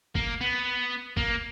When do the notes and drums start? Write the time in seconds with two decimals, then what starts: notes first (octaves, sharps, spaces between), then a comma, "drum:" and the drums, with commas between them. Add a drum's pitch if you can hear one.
0.15 A#3, drum: kick
0.41 B3
1.17 A#3, drum: kick